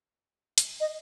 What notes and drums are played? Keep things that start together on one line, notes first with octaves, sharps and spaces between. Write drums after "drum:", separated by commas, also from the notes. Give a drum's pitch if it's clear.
drum: hi-hat
D#5